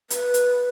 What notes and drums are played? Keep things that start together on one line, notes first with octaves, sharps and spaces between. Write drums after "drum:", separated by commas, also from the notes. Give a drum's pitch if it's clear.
B4, drum: hi-hat
drum: hi-hat